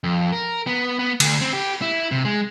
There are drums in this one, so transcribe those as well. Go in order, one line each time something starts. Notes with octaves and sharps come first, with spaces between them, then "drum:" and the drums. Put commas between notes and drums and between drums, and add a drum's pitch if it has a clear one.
F2
A#4
B3
B3
D2, drum: cymbal
C4
G4
E4
C3
G#3